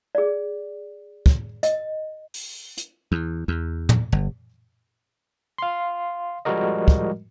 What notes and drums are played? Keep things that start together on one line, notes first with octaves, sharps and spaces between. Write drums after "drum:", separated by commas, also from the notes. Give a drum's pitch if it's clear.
G#4 D5
drum: kick
D#5, drum: hi-hat
drum: open hi-hat
drum: hi-hat
E2
E2
drum: tom
G1
F5 C6
F3 G3 G#3 F#4 A#4 D#5
drum: kick